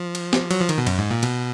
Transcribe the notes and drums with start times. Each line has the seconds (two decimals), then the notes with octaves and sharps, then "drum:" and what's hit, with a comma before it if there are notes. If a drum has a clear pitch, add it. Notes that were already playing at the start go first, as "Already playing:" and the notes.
Already playing: F3
0.15 drum: cymbal
0.33 drum: snare
0.51 F#3, drum: cymbal
0.60 F3
0.69 D#3, drum: cymbal
0.78 B2
0.87 F#2, drum: cymbal
0.98 G#2
1.11 A#2
1.23 B2, drum: cymbal